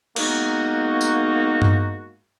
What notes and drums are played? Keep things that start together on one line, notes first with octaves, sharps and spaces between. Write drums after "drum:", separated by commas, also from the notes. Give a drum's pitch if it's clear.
G#3 A#3 B3 D#4 F#4, drum: cymbal
drum: tambourine
drum: tom G2